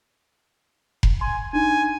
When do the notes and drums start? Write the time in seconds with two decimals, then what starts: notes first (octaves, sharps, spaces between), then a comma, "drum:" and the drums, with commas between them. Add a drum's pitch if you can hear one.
1.03 drum: kick F1
1.21 G#5 C6
1.53 D4 D#4 G#5